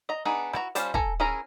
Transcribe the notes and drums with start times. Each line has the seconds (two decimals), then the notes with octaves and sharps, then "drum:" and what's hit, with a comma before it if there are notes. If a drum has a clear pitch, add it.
0.09 D#5 A#5
0.25 B3 D4 D#4 G#4
0.53 E4 F#4 A#5, drum: rim click
0.75 G3 C#4 F4 C5 A5, drum: hi-hat
0.94 A4 G#5 A#5, drum: kick
1.20 C#4 E4 G#4 A#4 A#5